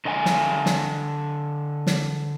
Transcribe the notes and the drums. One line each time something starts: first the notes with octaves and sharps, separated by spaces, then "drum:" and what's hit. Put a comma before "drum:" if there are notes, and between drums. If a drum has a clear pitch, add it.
D3 D#5 F#5 G#5
drum: snare
drum: snare
drum: snare